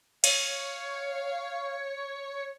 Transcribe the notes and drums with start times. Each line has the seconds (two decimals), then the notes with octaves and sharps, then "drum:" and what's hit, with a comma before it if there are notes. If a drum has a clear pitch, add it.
0.24 C#5 F5, drum: cymbal